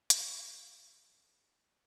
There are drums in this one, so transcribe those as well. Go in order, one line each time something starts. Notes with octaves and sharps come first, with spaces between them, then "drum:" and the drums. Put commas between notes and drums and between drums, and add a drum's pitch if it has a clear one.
F4 A#4 C5 D5 C6, drum: hi-hat
E5
C#4 D4 E4 A4
G#3 A3 B3 G4